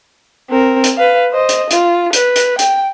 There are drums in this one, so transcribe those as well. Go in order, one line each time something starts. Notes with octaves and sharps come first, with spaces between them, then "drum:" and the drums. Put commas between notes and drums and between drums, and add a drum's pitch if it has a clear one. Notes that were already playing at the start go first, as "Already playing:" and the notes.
C4 A#4
drum: hi-hat
B4 F5
C5 D#5
drum: hi-hat
F4, drum: hi-hat
B4, drum: hi-hat
drum: hi-hat
G5, drum: hi-hat